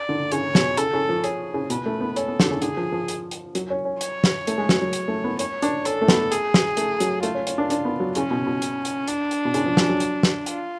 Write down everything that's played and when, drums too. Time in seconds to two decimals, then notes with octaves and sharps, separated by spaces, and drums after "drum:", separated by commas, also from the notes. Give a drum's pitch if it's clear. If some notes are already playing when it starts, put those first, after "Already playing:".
Already playing: D5
0.09 D3
0.32 C#3 C#5, drum: hi-hat
0.55 B2, drum: snare
0.77 C#3 A4, drum: hi-hat
0.93 C#3
1.09 F3
1.24 C#4 G#4, drum: hi-hat
1.54 C#3
1.70 B2 B4, drum: hi-hat
1.86 A3
2.01 B3
2.16 C#4 A4, drum: hi-hat
2.28 B3
2.40 D3, drum: snare
2.51 C#3
2.62 D3 G#4, drum: hi-hat
2.77 F3
2.92 F3
3.08 drum: hi-hat
3.31 drum: hi-hat
3.55 F#3, drum: hi-hat
3.70 C#4
3.85 C#4
4.01 C#5, drum: hi-hat
4.24 drum: snare
4.47 A3, drum: hi-hat
4.58 G#3
4.69 F#3, drum: snare
4.82 F#3
4.93 drum: hi-hat
5.08 A3
5.24 B3
5.39 C#4 C#5, drum: hi-hat
5.62 D4, drum: hi-hat
5.85 C#4 A4, drum: hi-hat
6.01 A3
6.08 B3, drum: snare
6.32 G#4, drum: hi-hat
6.54 drum: snare
6.77 A3, drum: hi-hat
7.00 F#3, drum: hi-hat
7.23 A3 F4, drum: hi-hat
7.35 C#4
7.47 C#4, drum: hi-hat
7.58 D4
7.70 D4, drum: hi-hat
7.85 B3
8.00 F#3
8.15 C#3 C#4, drum: hi-hat
8.31 B2
8.47 B2
8.62 drum: hi-hat
8.85 drum: hi-hat
9.08 D4, drum: hi-hat
9.31 drum: hi-hat
9.45 B2
9.54 C#3, drum: hi-hat
9.66 F3
9.77 F3, drum: snare
9.89 F#3
10.00 drum: hi-hat
10.23 drum: snare
10.46 F4, drum: hi-hat